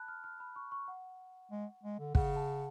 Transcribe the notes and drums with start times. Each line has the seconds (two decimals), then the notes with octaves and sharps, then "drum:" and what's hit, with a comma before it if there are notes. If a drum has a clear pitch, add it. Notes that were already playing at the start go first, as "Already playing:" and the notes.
Already playing: A5 B5 F#6
0.08 F6
0.24 F6
0.40 B5
0.56 C#6
0.72 C#6
0.88 F#5
1.51 G#3
1.84 G#3
1.99 D3
2.15 C#3 F#5, drum: kick
2.36 A5